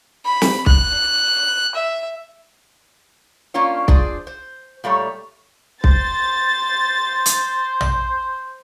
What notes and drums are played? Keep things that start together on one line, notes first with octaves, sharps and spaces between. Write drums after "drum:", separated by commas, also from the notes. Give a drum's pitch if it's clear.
B5
drum: snare
F#6, drum: kick B1
E5
A#3 C#4 D4 F4 C#5
D4 F4 G#4 C5 D5, drum: kick B1
C5
A#2 G3 A3 C#5
C5 A6, drum: kick B1
drum: hi-hat
drum: tom A#1